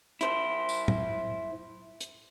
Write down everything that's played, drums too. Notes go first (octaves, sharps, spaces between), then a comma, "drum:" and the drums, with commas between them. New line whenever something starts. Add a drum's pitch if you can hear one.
E4 C5, drum: hi-hat
drum: tambourine
drum: tom A2
drum: hi-hat